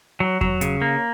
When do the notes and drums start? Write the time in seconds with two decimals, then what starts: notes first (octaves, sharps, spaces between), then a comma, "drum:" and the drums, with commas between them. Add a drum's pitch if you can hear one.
0.20 F#3
0.41 F#3, drum: kick E2
0.61 C#3, drum: hi-hat
0.82 A#3